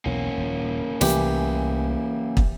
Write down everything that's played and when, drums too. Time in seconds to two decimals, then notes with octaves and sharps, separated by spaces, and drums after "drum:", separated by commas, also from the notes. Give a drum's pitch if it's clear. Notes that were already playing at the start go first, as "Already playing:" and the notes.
0.05 B1 E2 E3 A#3 C#4
0.38 D#1 F3
1.01 C2 E3 A3 G4, drum: snare
2.37 drum: kick